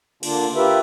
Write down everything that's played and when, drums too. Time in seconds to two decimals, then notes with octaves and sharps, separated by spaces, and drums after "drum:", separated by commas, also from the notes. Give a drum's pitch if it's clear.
0.23 D3 A#3 D4 F4, drum: cymbal
0.55 F4 G4 A#4 B4 E5